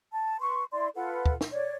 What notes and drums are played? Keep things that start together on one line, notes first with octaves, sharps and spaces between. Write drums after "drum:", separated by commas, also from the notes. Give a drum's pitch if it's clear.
A5
B4 C6 C#6
E4 D5 C6
F4 A4 B4 F#5
drum: kick
drum: snare
C#5 D5